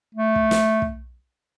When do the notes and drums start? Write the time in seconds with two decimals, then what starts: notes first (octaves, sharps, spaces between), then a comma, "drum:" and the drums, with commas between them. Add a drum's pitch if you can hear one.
0.15 A3
0.36 drum: kick
0.51 drum: snare
0.82 drum: kick